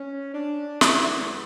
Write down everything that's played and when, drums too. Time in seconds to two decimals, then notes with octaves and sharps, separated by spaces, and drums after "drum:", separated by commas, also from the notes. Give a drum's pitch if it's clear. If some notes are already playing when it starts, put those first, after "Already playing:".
Already playing: C#4
0.34 D4
0.81 F#2 D#3 G#3 B3 E4, drum: snare